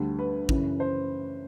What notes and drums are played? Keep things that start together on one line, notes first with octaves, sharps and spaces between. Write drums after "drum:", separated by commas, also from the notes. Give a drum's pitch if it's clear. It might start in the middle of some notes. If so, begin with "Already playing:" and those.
Already playing: D2 D3 G3
B4
F#2 C#3 E3, drum: kick
C5